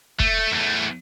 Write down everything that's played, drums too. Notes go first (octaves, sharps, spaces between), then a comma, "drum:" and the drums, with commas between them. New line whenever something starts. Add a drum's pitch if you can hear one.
A3, drum: kick
E2 A3